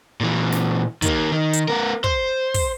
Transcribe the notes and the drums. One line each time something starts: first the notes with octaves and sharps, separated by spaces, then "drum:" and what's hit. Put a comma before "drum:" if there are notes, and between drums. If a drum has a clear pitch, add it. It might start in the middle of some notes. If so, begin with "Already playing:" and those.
A#2 E3
drum: snare
D#3 A#3, drum: kick, hi-hat
D#3
drum: hi-hat
B3 A#4
C5, drum: kick
drum: kick, open hi-hat